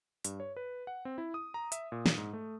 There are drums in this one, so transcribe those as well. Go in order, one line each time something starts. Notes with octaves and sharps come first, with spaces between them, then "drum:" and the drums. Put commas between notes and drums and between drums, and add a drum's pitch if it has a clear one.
G2, drum: hi-hat
C#5
B4
F#5
C4
E4
D#6
A#5
E5, drum: hi-hat
A#2
drum: snare
G#2
A3